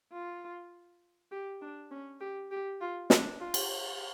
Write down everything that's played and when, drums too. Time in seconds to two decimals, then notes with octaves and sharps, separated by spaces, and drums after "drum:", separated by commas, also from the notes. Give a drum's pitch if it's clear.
0.13 F4
1.31 G4
1.61 D4
1.91 C#4
2.20 G4
2.51 G4
2.81 F4
3.10 D4, drum: snare
3.40 F4
3.54 drum: cymbal